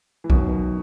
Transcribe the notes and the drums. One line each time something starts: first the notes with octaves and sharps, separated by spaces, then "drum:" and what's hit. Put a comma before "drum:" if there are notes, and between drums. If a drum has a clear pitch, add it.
E3
F#2 B2 D#3, drum: kick B1